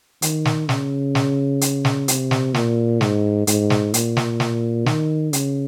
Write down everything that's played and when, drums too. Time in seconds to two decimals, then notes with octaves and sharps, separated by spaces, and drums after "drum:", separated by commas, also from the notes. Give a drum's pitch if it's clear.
0.22 D#3, drum: hi-hat
0.45 drum: snare
0.69 C#3, drum: snare
1.15 drum: snare
1.61 drum: hi-hat
1.85 drum: snare
2.08 C3, drum: hi-hat
2.31 drum: snare
2.54 A#2, drum: snare
3.01 G#2, drum: snare
3.47 G#2, drum: hi-hat
3.70 drum: snare
3.94 A#2, drum: hi-hat
4.17 drum: snare
4.40 drum: snare
4.86 D#3, drum: snare
5.33 C#3, drum: hi-hat